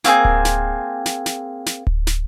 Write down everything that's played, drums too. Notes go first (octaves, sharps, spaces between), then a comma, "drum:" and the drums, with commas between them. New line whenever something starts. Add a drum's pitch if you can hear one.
A#3 C4 F4 G#4, drum: snare
drum: kick D1
drum: snare
drum: snare
drum: snare
drum: snare
drum: kick D1
drum: snare